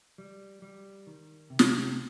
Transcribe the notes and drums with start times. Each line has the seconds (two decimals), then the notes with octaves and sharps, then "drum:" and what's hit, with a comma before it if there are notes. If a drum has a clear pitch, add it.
0.18 G3
0.62 G3
1.07 D#3
1.50 C3
1.59 drum: snare